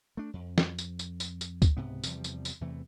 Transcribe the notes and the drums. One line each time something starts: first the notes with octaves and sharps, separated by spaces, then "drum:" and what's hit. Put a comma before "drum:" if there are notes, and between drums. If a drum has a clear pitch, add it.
A3 D4
F2
drum: snare
drum: tambourine
drum: tambourine
drum: tambourine
drum: tambourine
drum: kick, tambourine
C#2 G#2 C3 B3
E2 C3 F3 G3, drum: tambourine
drum: tambourine
drum: tambourine
E2 C3 E3 A3